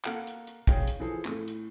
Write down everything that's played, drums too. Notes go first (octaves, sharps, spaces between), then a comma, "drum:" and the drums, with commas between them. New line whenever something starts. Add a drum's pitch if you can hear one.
A#3 A4 F5 F#5 D7, drum: clap
drum: hi-hat
drum: hi-hat
G#4 C#5 F5 G5, drum: kick, hi-hat
drum: hi-hat
E3 F3 G#4 A4
A2 A3, drum: clap
drum: hi-hat